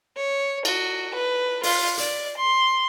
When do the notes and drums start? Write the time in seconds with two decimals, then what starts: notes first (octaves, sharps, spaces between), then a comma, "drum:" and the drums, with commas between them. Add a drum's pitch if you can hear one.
0.16 C#5
0.65 F#4, drum: cymbal
1.14 B4
1.63 F4, drum: open hi-hat
1.97 D5, drum: hi-hat
2.37 C6